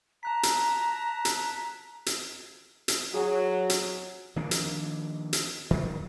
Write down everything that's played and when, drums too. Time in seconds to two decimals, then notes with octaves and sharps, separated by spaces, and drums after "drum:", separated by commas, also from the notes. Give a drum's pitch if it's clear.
0.23 A5 A#5 F#6 B6
0.43 drum: hi-hat
1.25 drum: hi-hat
2.06 drum: hi-hat
2.88 drum: hi-hat
3.14 F#3 G#4
3.70 drum: hi-hat
4.36 D#3 F3 A#3 D4
4.51 drum: hi-hat
5.33 drum: hi-hat
5.71 D#3 F#3 G3